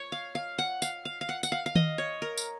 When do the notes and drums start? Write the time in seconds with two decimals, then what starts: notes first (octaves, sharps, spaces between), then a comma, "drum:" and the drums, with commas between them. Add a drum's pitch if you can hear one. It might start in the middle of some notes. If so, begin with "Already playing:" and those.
Already playing: C#5
0.12 F5
0.35 F5
0.58 F#5
0.82 F5, drum: tambourine
1.05 F5
1.21 F5
1.29 F#5
1.43 F#5, drum: tambourine
1.52 F5
1.66 F5
1.75 D#5, drum: tom D#3
1.98 C#5
2.22 A#4
2.37 drum: tambourine